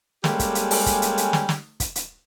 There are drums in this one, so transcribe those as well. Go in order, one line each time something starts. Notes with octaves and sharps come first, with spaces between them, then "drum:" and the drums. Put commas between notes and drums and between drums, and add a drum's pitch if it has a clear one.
G3 G#3 A#3 C#4 G4 A4, drum: snare
drum: kick, hi-hat
drum: hi-hat
drum: open hi-hat
drum: kick, hi-hat
drum: hi-hat
drum: hi-hat
drum: snare
drum: snare
drum: kick, hi-hat
drum: hi-hat